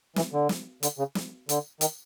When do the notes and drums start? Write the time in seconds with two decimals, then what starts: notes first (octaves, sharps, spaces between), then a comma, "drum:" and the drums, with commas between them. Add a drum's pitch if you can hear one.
0.16 E3, drum: snare
0.33 D3
0.49 drum: snare
0.83 D3, drum: hi-hat
0.99 C#3
1.15 drum: snare
1.49 D3, drum: hi-hat
1.81 D#3, drum: hi-hat